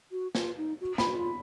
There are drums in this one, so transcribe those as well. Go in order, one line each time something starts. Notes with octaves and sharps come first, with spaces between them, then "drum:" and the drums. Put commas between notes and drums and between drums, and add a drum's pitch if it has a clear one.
F#4
F4, drum: snare
D#4
F#4
F4 B5, drum: snare
F#4
F4